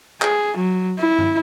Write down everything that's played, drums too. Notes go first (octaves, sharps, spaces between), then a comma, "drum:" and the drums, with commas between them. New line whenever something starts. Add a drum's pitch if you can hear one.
G#4, drum: clap
F#3
E4
drum: tom G2